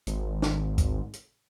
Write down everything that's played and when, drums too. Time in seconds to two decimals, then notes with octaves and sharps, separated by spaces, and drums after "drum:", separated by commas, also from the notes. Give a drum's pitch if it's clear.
0.07 G#1, drum: hi-hat
0.42 drum: snare
0.78 drum: kick D2, hi-hat
1.13 drum: hi-hat